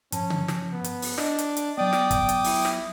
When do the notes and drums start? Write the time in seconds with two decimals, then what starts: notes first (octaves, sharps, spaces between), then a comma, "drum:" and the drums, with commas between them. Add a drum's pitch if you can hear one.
0.12 G2 F3 C#4 A5, drum: hi-hat
0.30 drum: tom C#3
0.48 drum: snare
0.73 B3
0.84 drum: hi-hat
1.02 drum: open hi-hat
1.18 D4 D#5, drum: snare
1.38 drum: hi-hat
1.57 drum: hi-hat
1.78 F#3 B3 D5 G5 D6 D#6
1.93 drum: snare
2.11 drum: kick, hi-hat
2.29 drum: hi-hat
2.44 E4, drum: open hi-hat
2.65 drum: snare